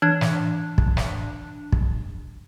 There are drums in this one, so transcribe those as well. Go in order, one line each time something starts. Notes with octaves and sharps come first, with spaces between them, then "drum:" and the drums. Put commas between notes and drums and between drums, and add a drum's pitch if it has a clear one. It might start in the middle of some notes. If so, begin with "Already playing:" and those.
E3 D4 G#6
drum: snare
drum: kick
drum: snare
drum: kick